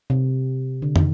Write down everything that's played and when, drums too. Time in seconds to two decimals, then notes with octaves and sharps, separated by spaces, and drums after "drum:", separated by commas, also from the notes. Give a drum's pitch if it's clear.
0.10 C3
0.82 D3
0.96 D#3, drum: tom